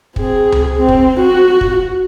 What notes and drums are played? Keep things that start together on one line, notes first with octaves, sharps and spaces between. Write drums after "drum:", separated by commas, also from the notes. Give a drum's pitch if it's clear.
C4 G#4, drum: kick
drum: tom C#2
C4
drum: kick
F#4
drum: kick